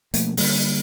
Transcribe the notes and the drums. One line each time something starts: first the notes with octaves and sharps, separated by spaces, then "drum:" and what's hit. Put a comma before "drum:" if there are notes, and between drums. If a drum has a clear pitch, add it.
B2 F3 A3 A#3, drum: hi-hat
D3 F#3 G3 A#3, drum: open hi-hat